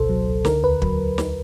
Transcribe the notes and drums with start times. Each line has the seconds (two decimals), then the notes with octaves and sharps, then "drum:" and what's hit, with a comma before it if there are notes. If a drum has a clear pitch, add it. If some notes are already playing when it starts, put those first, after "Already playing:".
Already playing: G#1 C#2 B2 A4 C5
0.09 F#3
0.27 C#2
0.45 D3 A#4, drum: snare
0.63 D#2 B4
0.82 F#3, drum: kick
1.18 drum: snare